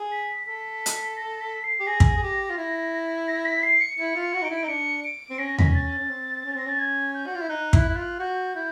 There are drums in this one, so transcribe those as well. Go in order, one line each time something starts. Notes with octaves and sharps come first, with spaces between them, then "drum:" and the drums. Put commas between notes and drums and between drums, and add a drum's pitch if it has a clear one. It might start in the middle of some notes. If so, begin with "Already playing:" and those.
Already playing: G#4
B6
A4 B6
drum: hi-hat
A#6
B6
C7
G4
G#4 A#6
drum: kick
G#4
G4
F4
E4
A#6
B6
C7
C#7
E4 C#7
F4
C#7
F#4
D#4 D7
E4
D#4
D4 C#7
D7
C4
C#4 A#6
B6, drum: tom E2
A#6
A6
C#4
C4
C#4
C4 A#6
C#4 A6
G#6
G6
F#4
F4
E4
D#4 F#6
E4 F#6, drum: kick
E4
F4 F#6
F#4 G6
E4 G6